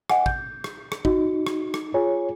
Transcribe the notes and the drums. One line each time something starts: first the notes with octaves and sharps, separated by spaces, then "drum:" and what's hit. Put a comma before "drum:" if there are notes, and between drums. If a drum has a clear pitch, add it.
D#5 F#5 G#5, drum: rim click
G6, drum: kick
drum: rim click
drum: rim click
D#4 F#4, drum: kick
drum: rim click
drum: rim click
F4 G#4 C#5 G#5